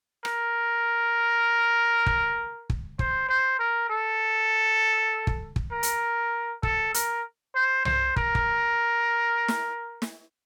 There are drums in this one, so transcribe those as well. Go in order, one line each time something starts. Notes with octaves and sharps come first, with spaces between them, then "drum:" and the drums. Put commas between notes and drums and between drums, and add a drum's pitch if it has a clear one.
A#4, drum: rim click
drum: kick
drum: kick
C5, drum: kick
C5
A#4
A4
drum: kick
drum: kick
A#4
drum: hi-hat
A4, drum: kick
A#4, drum: hi-hat
C5
C5, drum: tom C2
A#4, drum: kick
drum: kick
drum: snare
drum: snare